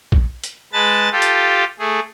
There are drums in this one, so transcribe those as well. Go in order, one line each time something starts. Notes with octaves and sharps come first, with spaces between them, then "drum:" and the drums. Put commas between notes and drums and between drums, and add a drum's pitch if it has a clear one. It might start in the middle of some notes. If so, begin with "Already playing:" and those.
drum: kick A#1
drum: hi-hat
G#3 B4 A5 A6
F4 G4 A4
drum: hi-hat
A3 G#4